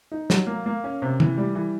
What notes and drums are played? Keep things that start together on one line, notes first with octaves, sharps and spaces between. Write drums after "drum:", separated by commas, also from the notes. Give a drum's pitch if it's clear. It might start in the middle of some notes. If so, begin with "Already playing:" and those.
D#4
F#3, drum: snare
A#3
A#3
C#4
C3
E3, drum: tom
G3
E3